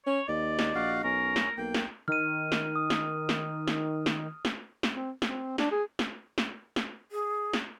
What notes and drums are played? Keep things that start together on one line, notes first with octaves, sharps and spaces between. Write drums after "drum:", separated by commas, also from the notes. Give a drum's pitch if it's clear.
C#4 C#5
D#2 D5 D#5
drum: snare
A#1 F#4 F5
B1 C#4 A#4
drum: snare
B1 A#3 G5
drum: snare
D#3 F6 D#7
drum: snare
D#6
drum: snare
drum: snare
drum: snare
drum: snare
drum: snare
drum: snare
C4
C4, drum: snare
D4, drum: snare
G#4
drum: snare
drum: snare
drum: snare
G#4
drum: snare